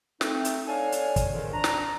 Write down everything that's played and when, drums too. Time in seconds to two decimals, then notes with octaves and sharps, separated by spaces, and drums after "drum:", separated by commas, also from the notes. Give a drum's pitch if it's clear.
0.21 A3 C4 D#4, drum: snare
0.45 drum: hi-hat
0.68 D4 A4 C#5 F5 G#5
0.92 drum: hi-hat
1.16 drum: kick, hi-hat
1.33 F2 G#2 D3 D#3
1.53 D4 A#5
1.64 drum: snare